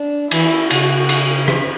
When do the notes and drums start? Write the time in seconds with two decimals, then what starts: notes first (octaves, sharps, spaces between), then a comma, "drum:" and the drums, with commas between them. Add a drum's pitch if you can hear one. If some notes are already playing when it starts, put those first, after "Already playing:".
Already playing: D4
0.31 E3 E4, drum: cymbal
0.70 C#3 F#4, drum: cymbal
1.09 drum: cymbal
1.48 drum: rim click